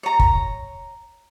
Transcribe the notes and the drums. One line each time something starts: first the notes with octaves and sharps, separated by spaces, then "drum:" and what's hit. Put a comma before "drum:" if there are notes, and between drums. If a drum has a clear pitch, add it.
C#5 A#5
drum: kick